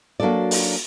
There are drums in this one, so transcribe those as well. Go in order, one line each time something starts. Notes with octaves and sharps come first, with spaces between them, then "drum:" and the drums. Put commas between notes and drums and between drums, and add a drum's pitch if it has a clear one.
F#3 A#3 D4 F#4 A4 D5
drum: open hi-hat